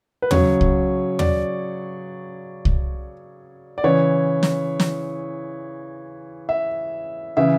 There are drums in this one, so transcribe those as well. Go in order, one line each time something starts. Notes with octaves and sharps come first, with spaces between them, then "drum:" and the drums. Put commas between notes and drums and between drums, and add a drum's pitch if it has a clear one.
B4
C#3 F#3 C#5, drum: tom
drum: kick C2
D5, drum: tom
drum: kick C2
D5
C#3 E3 C#5
drum: snare
drum: snare
E5
C#3 E3 E5